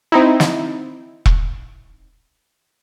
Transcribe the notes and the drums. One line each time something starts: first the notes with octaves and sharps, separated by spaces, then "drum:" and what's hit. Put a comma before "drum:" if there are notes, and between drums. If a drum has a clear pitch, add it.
C4 D#4 E4
drum: snare
drum: kick E1